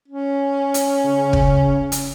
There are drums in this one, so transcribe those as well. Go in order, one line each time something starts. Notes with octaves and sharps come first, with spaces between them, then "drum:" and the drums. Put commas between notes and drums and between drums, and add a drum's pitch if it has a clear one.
C#4
drum: hi-hat
C#3
drum: kick
drum: hi-hat